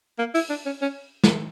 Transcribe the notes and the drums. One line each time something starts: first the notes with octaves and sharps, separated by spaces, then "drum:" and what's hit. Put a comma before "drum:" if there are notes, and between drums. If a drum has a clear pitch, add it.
A#3
E4, drum: open hi-hat
D4
C#4
C#4
drum: snare